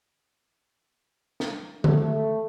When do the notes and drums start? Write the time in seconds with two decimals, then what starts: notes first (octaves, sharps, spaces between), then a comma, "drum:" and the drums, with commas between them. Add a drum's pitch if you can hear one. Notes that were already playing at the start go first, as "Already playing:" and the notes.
1.40 drum: snare
1.84 A3, drum: tom D3